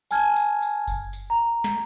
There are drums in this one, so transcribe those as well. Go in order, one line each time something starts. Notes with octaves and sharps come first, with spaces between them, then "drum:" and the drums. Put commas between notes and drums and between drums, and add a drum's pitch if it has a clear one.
G#5 A5 F6 G#6, drum: tambourine
drum: tambourine
drum: tambourine
drum: kick F#1, tambourine
drum: tambourine
A#5
drum: snare